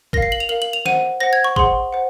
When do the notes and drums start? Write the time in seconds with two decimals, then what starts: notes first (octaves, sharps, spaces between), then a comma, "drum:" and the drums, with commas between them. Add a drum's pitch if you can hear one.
0.13 A#4 F5 A#6, drum: kick A1
0.22 C7
0.32 F#7
0.40 F7
0.49 A#4 F5 F#7
0.62 F#7
0.73 F7
0.85 C5 F#5 D#7, drum: snare
1.20 C5 F#5 A#6
1.33 G#6
1.44 C#6
1.56 G#4 C5 F#5 C6, drum: kick A1
1.93 C5 F#5